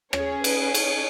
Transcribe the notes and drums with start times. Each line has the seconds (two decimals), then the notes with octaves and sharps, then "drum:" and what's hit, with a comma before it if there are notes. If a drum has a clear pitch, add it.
0.13 C#4 G#4 C#5, drum: rim click
0.44 B4, drum: cymbal
0.74 C#5, drum: cymbal